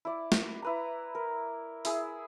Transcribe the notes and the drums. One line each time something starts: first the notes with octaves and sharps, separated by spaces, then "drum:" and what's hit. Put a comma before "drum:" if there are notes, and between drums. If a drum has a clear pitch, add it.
E4 D5
drum: snare
E4 B4 A#5
A#4
E4 G#4 E6, drum: open hi-hat